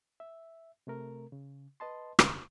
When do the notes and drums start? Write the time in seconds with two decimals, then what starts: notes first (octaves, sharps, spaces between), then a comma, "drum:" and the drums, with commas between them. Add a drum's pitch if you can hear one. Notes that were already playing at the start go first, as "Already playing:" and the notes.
0.20 E5
0.87 C3 A3 A#4
1.32 C#3
1.80 B4 D#5 A5 C6
2.19 F2 C#3, drum: rim click